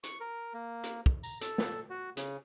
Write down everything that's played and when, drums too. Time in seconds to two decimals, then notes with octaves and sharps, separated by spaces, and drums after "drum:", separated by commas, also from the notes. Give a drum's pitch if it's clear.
0.03 C#6, drum: hi-hat
0.20 A#4
0.54 A#3
0.83 drum: hi-hat
1.06 drum: kick
1.23 A#5, drum: tambourine
1.41 A4, drum: hi-hat
1.58 drum: snare
1.90 F#4
2.17 C#3, drum: hi-hat